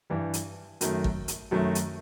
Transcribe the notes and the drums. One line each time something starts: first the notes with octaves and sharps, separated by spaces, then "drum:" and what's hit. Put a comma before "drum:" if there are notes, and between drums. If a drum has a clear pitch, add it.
G2 E3 G3
drum: hi-hat
F#2 D#3 F#3 A3, drum: hi-hat
drum: kick G#1
drum: hi-hat
F#2 D#3 F#3 A3
drum: hi-hat